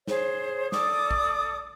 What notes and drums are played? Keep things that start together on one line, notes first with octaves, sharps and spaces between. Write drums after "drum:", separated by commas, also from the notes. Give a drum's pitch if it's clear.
G#4 C5 C#5, drum: snare
A4 D5 D6 D#6, drum: snare
drum: kick A#1